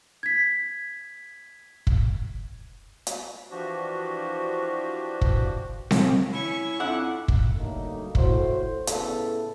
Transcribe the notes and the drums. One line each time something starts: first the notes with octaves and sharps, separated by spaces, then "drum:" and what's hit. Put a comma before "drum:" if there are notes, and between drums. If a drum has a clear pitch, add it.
G#6 B6
drum: kick
drum: hi-hat
E3 F3 D4 F#4 G4
drum: kick
drum: snare C4
C#4 E4 C#6
F2 D4 E4 F#5
drum: kick
D3 F#3 G3 A3 A#3 D#4
A2 F#4 C5, drum: kick
A2 C#3 A3 B3 A4, drum: hi-hat